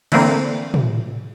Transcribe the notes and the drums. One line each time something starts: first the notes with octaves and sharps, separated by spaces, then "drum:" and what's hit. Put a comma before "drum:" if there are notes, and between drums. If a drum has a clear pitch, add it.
D3 E3 A3 A#3 C4, drum: cymbal
drum: tom